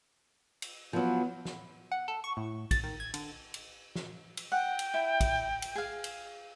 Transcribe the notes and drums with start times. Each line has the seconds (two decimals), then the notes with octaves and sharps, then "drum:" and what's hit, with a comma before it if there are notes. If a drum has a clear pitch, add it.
0.62 drum: cymbal
0.93 F3 F#3 B3
1.45 drum: snare
1.92 F#5
2.08 A4
2.24 C#6
2.37 A2
2.71 A6, drum: kick, cymbal
2.84 D#3
3.00 G#6
3.14 D3, drum: cymbal
3.54 drum: cymbal
3.95 drum: snare
4.37 drum: cymbal
4.52 F#5 G5
4.79 drum: cymbal
4.94 E4
5.21 drum: kick, cymbal
5.62 drum: cymbal
5.75 G#4 F5
6.04 drum: cymbal